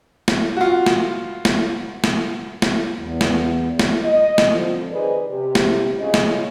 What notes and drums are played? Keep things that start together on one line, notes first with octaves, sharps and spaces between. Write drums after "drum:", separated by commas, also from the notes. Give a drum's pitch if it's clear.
drum: snare
F4 F#4
drum: snare
drum: snare
drum: snare
drum: snare
E2
drum: snare
drum: snare
D#5
drum: snare
D3 F3 C4
D#3 G#4 B4 C5 D5 D#5
C3 G4
drum: snare
C#3 C#4 F4 D#5
drum: snare